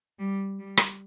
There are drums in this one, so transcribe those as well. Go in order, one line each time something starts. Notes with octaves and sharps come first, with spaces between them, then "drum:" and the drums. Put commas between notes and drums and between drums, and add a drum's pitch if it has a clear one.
G3
G3
drum: rim click